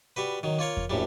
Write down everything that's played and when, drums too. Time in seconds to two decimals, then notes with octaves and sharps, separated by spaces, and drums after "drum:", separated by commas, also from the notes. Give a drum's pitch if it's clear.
0.16 G3 F#4 B4
0.43 D#3 F#3
0.59 A#3 F4 C#5 F5
0.77 drum: kick E2
0.90 A#1 F#2 A2 G3